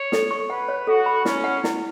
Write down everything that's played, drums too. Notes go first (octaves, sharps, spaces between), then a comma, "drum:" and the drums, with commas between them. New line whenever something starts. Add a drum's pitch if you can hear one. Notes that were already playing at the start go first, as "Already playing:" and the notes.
Already playing: C#5
A4, drum: snare
C#6
B4 F#5
C#5
F#4 A4
B5
C#4 E4, drum: snare
F#5
E4, drum: snare